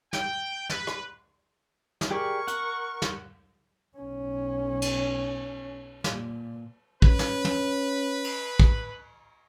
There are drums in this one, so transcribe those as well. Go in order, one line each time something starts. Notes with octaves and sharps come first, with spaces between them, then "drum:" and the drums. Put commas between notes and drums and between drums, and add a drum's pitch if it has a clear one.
G5, drum: snare
B4, drum: snare
drum: rim click
drum: snare
G4 G#4 A#4 D5 C#6
F#5, drum: hi-hat
drum: snare
B1 C#4
drum: cymbal
A#2, drum: snare
C#4 B4, drum: kick
drum: snare
drum: tom
drum: cymbal
drum: kick